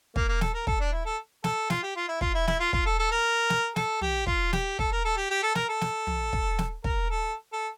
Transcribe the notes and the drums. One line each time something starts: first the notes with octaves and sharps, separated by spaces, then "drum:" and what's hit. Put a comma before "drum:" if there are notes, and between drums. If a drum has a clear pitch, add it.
A#3, drum: kick
A#3
A4, drum: snare
A#4
A4, drum: kick
D4
E4
A4
A4, drum: snare
F4, drum: snare
G4
F4
E4
F4, drum: kick
E4
E4, drum: snare
F4
F4, drum: kick
A4
A4
A#4
drum: snare
A4, drum: snare
G4, drum: tom
F4, drum: kick
G4, drum: snare
A4, drum: kick
A#4
A4
G4
G4
A4
A#4, drum: snare
A4
drum: snare
drum: tom
drum: kick
drum: snare
A#4, drum: kick
A4
A4